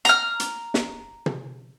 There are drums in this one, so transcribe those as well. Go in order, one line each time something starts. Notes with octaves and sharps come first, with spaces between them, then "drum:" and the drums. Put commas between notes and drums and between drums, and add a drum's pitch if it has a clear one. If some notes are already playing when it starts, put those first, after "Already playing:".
A#5 F6, drum: hi-hat
drum: hi-hat
drum: snare
drum: tom